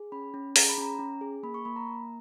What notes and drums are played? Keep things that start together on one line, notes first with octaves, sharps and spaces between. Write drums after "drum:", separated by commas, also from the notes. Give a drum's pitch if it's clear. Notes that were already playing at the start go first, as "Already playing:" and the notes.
Already playing: G#4
C#4 B5
C#4
G#4 A#5, drum: open hi-hat
B5
C#4 A#5
C#4
G#4
A#3 B5
C#6
A#3 B5
A#5
A#3